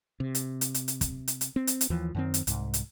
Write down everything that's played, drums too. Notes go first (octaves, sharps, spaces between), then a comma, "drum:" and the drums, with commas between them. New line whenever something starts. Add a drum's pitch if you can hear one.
C3
drum: hi-hat
drum: hi-hat
drum: hi-hat
drum: hi-hat
drum: kick, hi-hat
drum: hi-hat
drum: hi-hat
C4
drum: hi-hat
drum: hi-hat
D#2 E3 F3
F#2 D#3 C4
drum: hi-hat
C2 G#2, drum: hi-hat
drum: hi-hat